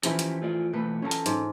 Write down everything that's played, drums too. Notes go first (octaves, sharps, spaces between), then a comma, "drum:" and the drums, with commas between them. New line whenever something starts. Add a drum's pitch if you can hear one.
E3 F3 C#4 F#4 G4, drum: hi-hat
drum: hi-hat
A3 F4 D5
B2 E3 A3 B4
C#4 A4 A#4 C#5 A5
drum: hi-hat
G#2, drum: hi-hat